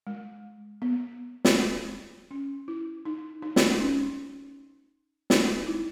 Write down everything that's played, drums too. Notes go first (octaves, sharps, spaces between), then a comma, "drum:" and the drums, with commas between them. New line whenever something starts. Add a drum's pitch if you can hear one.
G#3
B3
drum: snare
C#4
E4
D#4
D#4
drum: snare
C#4
D#4, drum: snare
E4